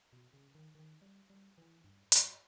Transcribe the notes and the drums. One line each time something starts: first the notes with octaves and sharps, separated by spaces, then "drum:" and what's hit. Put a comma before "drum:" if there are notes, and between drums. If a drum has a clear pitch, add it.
B2
C#3
D#3
D#3
G3
G3
E3
G2
G2, drum: hi-hat